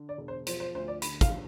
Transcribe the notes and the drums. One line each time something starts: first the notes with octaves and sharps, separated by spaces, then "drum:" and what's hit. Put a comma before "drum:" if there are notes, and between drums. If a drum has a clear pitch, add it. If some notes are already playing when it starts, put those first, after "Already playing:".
Already playing: D3
D5
E1
C5
F3 C5, drum: hi-hat
C5
D2 C5
D5
D3 B5, drum: hi-hat
F5, drum: kick, hi-hat